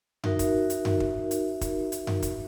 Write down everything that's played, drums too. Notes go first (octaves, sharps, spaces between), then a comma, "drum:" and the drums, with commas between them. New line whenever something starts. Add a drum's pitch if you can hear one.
D#4 F#4 A#4 E5, drum: tom F#2
drum: kick, hi-hat
drum: hi-hat
drum: tom F#2
drum: kick
drum: hi-hat
drum: kick, hi-hat
drum: hi-hat
drum: tom F#2
drum: kick, hi-hat